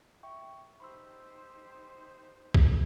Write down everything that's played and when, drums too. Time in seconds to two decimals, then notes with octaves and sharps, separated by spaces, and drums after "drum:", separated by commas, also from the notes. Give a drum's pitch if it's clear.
0.23 E5 G5 C#6
0.80 D#4 G4 C5 B5 C6 E6
2.54 drum: kick C2